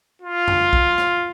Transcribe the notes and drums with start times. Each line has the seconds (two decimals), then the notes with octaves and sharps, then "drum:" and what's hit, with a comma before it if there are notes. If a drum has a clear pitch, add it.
0.22 F4
0.48 drum: tom F2
0.73 drum: kick C2
0.98 drum: rim click